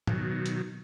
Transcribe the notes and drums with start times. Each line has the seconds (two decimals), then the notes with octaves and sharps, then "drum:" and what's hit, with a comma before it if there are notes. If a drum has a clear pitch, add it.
0.07 B2 D#3 F#3, drum: tom A2
0.46 drum: hi-hat